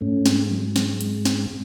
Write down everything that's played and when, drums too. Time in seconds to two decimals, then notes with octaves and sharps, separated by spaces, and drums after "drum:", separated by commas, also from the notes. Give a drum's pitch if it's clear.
0.01 G#2 A3 C#4
0.26 G#3, drum: snare
0.51 F#3
0.76 G#3, drum: snare
1.01 drum: hi-hat
1.25 drum: snare